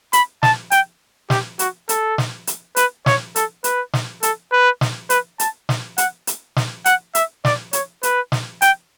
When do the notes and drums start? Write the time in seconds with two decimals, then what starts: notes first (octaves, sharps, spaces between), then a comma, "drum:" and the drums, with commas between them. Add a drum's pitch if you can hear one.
0.13 B5, drum: hi-hat
0.43 A5, drum: snare
0.71 G5, drum: hi-hat
1.30 G4, drum: snare
1.59 F#4, drum: hi-hat
1.89 A4, drum: hi-hat
2.18 drum: snare
2.47 drum: hi-hat
2.76 B4, drum: hi-hat
3.06 C#5, drum: snare
3.36 A4, drum: hi-hat
3.64 B4, drum: hi-hat
3.93 drum: snare
4.23 A4, drum: hi-hat
4.52 B4
4.81 drum: snare
5.10 B4, drum: hi-hat
5.40 A5, drum: hi-hat
5.69 drum: snare
5.98 F#5, drum: hi-hat
6.27 drum: hi-hat
6.56 drum: snare
6.86 F#5, drum: hi-hat
7.15 E5, drum: hi-hat
7.45 D5, drum: snare
7.73 C#5, drum: hi-hat
8.03 B4, drum: hi-hat
8.32 drum: snare
8.62 G5, drum: hi-hat